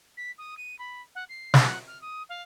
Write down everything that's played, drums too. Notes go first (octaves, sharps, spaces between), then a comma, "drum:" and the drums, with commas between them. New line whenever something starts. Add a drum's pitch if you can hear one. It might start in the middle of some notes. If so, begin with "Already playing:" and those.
B6
D#6
D#7
B5
F#5
C7
drum: snare
F#5
F6
D#6
F5